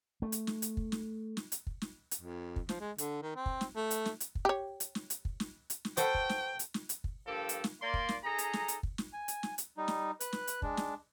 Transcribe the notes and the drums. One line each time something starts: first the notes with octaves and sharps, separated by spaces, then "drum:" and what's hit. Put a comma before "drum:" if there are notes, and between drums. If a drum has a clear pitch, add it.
A3
drum: hi-hat
drum: snare
drum: hi-hat
drum: kick
drum: snare
drum: snare
drum: hi-hat
drum: kick
drum: snare
drum: hi-hat
F2
drum: kick
F3, drum: snare
G#3
D3, drum: hi-hat
D#3
C4
drum: kick
drum: snare
A3
drum: hi-hat
drum: snare
drum: hi-hat
drum: kick
G4 C#5
drum: hi-hat
drum: snare
drum: hi-hat
drum: kick
drum: snare
drum: hi-hat
drum: snare
F#4 A4 B4 C5 G5, drum: hi-hat
drum: kick
drum: snare
drum: hi-hat
drum: snare
drum: hi-hat
drum: kick
G2 F3 A#3 G4 A4
drum: hi-hat
drum: snare
A#3 D5 C6
drum: kick
drum: snare
D#4 G#4 A4 A#5
drum: hi-hat
drum: snare
drum: hi-hat
drum: kick
drum: snare
G#5
drum: hi-hat
drum: snare
drum: hi-hat
G3 D#4
drum: snare
B4 F#6, drum: hi-hat
drum: snare
drum: hi-hat
G#3 D4, drum: kick
drum: snare